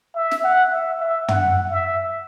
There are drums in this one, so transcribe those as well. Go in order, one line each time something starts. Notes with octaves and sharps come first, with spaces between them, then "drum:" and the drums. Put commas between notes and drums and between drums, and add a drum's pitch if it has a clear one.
E5
drum: snare
F#5
E5
E5
F#5, drum: tom
E5